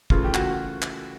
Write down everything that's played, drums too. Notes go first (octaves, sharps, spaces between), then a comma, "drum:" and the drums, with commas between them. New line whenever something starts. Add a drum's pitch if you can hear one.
C#3 E3 A3 F4, drum: kick
G4
F#4, drum: clap
drum: clap